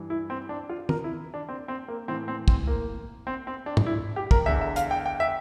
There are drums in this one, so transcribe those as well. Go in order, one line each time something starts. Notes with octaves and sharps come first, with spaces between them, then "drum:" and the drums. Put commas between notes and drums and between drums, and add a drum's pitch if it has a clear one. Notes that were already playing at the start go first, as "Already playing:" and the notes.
Already playing: G2 E3
E4
C4
D4
F4
A#4, drum: tom
E4
D4
C4
C4
A#3
A2 E3 C4
C4
C4, drum: kick
A#3
C4
C4
D4
drum: tom
E4
G4
A#4, drum: kick
E2 D3 E5
E5
F5, drum: hi-hat
G5
G5
E5